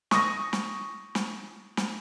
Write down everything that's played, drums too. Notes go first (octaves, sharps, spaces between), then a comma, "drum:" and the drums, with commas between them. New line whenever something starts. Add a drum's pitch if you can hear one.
C#6 D#6 A#6, drum: snare
drum: snare
drum: snare
drum: snare